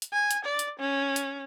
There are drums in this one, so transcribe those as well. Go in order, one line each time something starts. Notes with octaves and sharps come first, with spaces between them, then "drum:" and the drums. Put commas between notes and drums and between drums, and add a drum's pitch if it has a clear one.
drum: hi-hat
G#5
drum: hi-hat
D5
drum: hi-hat
C#4
drum: hi-hat